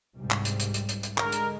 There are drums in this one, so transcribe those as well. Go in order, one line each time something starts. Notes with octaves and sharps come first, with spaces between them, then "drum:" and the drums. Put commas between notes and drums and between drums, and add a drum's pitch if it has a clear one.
C2 G#2 G3
drum: clap
drum: hi-hat
drum: hi-hat
drum: hi-hat
drum: hi-hat
drum: hi-hat
D3 G#3 A#4, drum: clap
drum: hi-hat